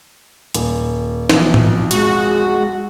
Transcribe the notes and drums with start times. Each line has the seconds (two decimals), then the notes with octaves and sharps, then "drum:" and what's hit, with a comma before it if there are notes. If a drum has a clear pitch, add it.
0.55 D#1, drum: hi-hat
1.30 B1 F2 E3, drum: snare
1.54 drum: tom A2
1.91 G#3 F#4, drum: hi-hat